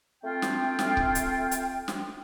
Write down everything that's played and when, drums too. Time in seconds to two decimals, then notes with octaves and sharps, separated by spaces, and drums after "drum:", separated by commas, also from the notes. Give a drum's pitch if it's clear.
0.24 A3 C4 F4 G5
0.42 drum: snare
0.79 drum: snare
0.97 drum: kick C#1
1.15 drum: hi-hat
1.51 drum: hi-hat
1.88 drum: snare